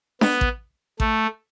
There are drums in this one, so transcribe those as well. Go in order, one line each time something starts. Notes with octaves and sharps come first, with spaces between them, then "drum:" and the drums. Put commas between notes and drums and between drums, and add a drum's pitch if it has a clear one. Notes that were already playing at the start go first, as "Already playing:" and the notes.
B3, drum: snare D4
drum: kick A1
A3, drum: kick A1